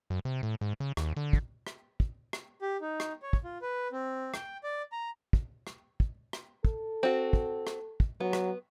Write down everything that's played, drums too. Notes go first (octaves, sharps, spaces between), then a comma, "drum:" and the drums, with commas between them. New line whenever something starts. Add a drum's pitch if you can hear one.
F#2
C3
A2
G#2
C#3
D#2, drum: rim click
D3
drum: kick
drum: rim click
drum: kick
drum: rim click
G4
D#4
drum: rim click
C#5
drum: kick
F4
B4
C4
G5, drum: rim click
D5
A#5
drum: kick
drum: rim click
drum: kick
drum: rim click
A4, drum: kick
C4 F#4
drum: kick
drum: rim click
drum: kick
F#3 B3
drum: rim click